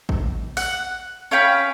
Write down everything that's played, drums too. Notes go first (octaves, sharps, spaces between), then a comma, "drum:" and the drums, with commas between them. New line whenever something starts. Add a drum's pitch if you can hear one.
drum: kick A1
F#5, drum: open hi-hat
C#4 F5 G5 B5